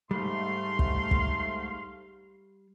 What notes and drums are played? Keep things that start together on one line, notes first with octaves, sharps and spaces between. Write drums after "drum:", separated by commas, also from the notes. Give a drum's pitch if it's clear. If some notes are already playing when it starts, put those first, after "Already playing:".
G#2 G3 A3 F5 C6
drum: kick
drum: kick